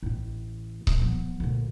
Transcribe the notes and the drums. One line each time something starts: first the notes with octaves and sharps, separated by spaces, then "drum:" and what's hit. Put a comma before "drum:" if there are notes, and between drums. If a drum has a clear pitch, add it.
A1 E4
A#2, drum: kick C#1
F3 B3
D2 A#2